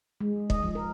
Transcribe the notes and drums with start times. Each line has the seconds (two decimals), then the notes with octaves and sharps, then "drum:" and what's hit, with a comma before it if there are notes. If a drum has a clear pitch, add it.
0.21 G#3
0.50 D#5, drum: kick
0.63 F3
0.75 A#4